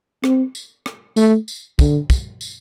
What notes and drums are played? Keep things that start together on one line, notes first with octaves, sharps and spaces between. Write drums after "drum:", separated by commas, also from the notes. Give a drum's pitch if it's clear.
C4, drum: rim click
drum: tambourine
drum: rim click
A3, drum: tambourine
drum: tambourine
D3, drum: kick, tambourine
drum: kick, tambourine
drum: tambourine